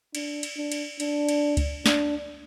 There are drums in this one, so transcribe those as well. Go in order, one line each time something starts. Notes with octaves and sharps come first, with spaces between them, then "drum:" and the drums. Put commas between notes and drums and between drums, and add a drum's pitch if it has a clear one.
D4, drum: cymbal
drum: cymbal
D4
drum: cymbal
D4, drum: cymbal
drum: cymbal
drum: kick C#2, cymbal
D4, drum: snare